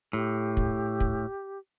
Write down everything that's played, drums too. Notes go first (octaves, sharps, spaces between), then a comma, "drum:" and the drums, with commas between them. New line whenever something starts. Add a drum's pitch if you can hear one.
A2 G4
drum: kick
drum: kick